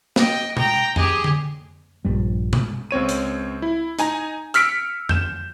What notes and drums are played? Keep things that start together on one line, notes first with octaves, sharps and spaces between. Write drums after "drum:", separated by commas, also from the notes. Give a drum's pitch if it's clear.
D#5 G5, drum: snare
G5 A#5, drum: tom B2
G4 G#4, drum: tom F2
drum: tom D3
A#1 G2 G3
drum: tom B2
C#2 C4 C#5 D#7
drum: hi-hat
E4
D#4 G#5 A#5, drum: hi-hat
E6 F6 B6 C#7 D7, drum: hi-hat
G6 E7, drum: tom F2